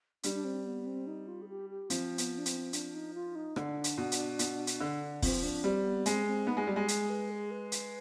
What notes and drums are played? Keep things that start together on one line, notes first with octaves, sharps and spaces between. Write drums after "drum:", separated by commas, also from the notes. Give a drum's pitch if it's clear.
G3 D4, drum: hi-hat
D4
C4
B3
C4
D#4
F4
G#4
G4
G4
F3 C4, drum: hi-hat
B3, drum: hi-hat
D4
C4, drum: hi-hat
D4, drum: hi-hat
D#4
F4
D#4
D3 D4, drum: rim click
drum: hi-hat
B2
drum: hi-hat
B2, drum: hi-hat
drum: hi-hat
D3
F3 C4, drum: kick, open hi-hat
D4
G3 C4
B3
G#3 C4, drum: hi-hat
C4
B3 D#4
G#3
G3 G4
G#3
G#4, drum: hi-hat
B4
G#4
B4
drum: hi-hat